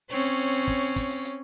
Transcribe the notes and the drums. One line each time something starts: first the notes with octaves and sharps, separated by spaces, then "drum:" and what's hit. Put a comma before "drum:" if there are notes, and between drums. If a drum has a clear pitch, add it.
C4 C#4 C#5
drum: hi-hat
drum: hi-hat
drum: hi-hat
drum: kick, hi-hat
drum: kick, hi-hat
drum: hi-hat
drum: hi-hat